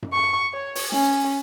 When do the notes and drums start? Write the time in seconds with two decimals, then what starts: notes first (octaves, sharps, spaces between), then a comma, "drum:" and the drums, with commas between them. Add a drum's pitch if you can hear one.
0.02 drum: tom F#2
0.13 C#6
0.54 C#5
0.75 drum: open hi-hat
0.92 C#4, drum: snare